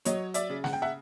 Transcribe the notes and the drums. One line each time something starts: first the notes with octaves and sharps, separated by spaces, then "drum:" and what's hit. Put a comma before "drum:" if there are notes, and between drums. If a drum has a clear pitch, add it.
F#3 C#5 D#5, drum: hi-hat
D5 E5, drum: hi-hat
C#3
F#5, drum: snare
G5
E5 F#5